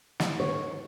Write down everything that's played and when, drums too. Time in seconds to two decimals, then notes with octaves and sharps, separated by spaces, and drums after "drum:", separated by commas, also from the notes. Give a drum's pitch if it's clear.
0.20 E4, drum: snare
0.40 C#5